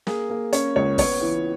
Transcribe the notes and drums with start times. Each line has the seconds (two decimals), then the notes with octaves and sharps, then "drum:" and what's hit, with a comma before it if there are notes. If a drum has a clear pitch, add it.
0.07 A#3 G#4, drum: snare
0.30 A#3
0.53 C#4 C#5, drum: hi-hat
0.76 C#2 C#5
0.98 B3 C#5, drum: kick, open hi-hat
1.21 E3